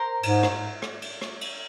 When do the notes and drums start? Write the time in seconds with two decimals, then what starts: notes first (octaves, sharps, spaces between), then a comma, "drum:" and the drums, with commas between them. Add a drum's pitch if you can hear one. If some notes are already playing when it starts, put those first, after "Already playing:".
Already playing: A#4 C5
0.23 G#2, drum: cymbal
0.43 drum: rim click
0.82 drum: rim click
1.02 drum: cymbal
1.21 drum: rim click
1.41 drum: cymbal